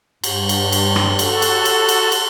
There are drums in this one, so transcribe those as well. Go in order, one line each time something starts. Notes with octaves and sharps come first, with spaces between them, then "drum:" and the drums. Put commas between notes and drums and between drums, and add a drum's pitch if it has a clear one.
G2, drum: cymbal
drum: cymbal
drum: cymbal
drum: rim click
F#4 A4, drum: cymbal
drum: cymbal
drum: cymbal
drum: cymbal
drum: cymbal